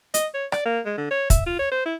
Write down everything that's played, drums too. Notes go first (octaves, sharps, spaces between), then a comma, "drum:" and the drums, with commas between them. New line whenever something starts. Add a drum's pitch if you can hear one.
D#5, drum: hi-hat
C#5
D5, drum: rim click
A#3
G#3
D3
C#5
E5, drum: kick, hi-hat
F4
C#5
C5
E4